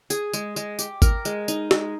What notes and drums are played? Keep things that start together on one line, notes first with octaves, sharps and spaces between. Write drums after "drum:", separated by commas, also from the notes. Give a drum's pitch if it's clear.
G#4, drum: tambourine
G#3, drum: tambourine
G#3, drum: tambourine
G4, drum: tambourine
A#4, drum: kick G#1, tambourine
G#3, drum: tambourine
D#4, drum: tambourine
G#3, drum: snare